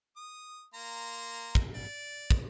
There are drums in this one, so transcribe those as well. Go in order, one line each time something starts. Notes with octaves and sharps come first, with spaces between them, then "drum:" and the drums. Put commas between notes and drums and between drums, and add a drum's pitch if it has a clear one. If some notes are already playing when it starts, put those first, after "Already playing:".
D#6
A#3 A#5 C6
drum: kick
D5
drum: kick